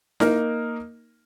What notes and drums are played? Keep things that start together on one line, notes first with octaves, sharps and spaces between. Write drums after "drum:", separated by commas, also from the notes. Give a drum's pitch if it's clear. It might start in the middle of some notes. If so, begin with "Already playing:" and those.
A#3 D#4 A#4, drum: snare E4